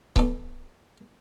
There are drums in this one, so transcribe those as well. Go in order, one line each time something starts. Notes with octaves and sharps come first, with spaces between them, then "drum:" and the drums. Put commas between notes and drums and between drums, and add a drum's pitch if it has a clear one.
E3 A3 B3 A4 D5, drum: kick C#1